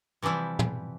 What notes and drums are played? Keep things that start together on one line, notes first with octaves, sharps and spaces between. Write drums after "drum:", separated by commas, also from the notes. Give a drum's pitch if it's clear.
C3 E3 F3 G3 E4
drum: tom